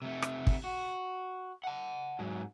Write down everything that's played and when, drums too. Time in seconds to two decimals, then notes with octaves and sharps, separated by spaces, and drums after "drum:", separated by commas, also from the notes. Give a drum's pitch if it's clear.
0.02 C3 A3
0.22 drum: rim click
0.47 drum: kick
0.64 F#4
1.64 F#5 A5
2.19 G#2 F#3